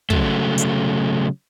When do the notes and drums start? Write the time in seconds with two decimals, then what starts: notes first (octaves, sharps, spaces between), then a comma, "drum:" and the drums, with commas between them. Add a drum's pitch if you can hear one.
0.10 C#3 F#3 A3, drum: kick
0.58 drum: hi-hat